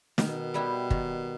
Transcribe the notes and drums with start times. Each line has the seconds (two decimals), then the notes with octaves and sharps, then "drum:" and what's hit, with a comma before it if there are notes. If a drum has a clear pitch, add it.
0.18 B2 D#3, drum: snare
0.54 G3 B3 E4 G4
0.90 D#3, drum: kick